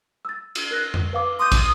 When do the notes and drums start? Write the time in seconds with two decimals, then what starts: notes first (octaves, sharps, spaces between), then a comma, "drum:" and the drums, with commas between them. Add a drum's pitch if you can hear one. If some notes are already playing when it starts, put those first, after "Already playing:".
0.25 E6 A6
0.55 drum: cymbal
0.71 A#4 F#6 A#6
0.94 drum: tom F2
1.13 B4 F5 D6
1.39 C6 D6 D#6 G6
1.52 drum: kick, cymbal